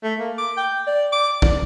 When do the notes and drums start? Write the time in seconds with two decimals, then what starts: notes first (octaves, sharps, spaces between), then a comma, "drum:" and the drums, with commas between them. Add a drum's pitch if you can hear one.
0.04 A3
0.19 A#3
0.38 D6
0.57 G5
0.87 D5
1.13 D6
1.42 D5, drum: kick A#1